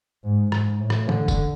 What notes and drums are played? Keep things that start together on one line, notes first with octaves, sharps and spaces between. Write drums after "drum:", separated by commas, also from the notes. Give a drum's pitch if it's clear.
G#2
G#2, drum: rim click
A2
drum: rim click
D3, drum: tom E3
drum: kick, tambourine